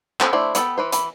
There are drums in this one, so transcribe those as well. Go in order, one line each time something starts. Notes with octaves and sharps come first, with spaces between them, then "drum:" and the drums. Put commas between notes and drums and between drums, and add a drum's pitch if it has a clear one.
B3 C4 A4, drum: clap
A3 D4 E4 C5
B3 F#4 A4 B4 G5, drum: hi-hat
E3 B4 C5
E3 B5, drum: hi-hat